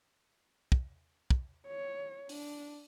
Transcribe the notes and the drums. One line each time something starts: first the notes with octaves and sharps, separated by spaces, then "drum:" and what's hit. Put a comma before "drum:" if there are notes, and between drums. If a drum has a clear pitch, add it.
drum: kick
drum: kick
C#5
D4, drum: open hi-hat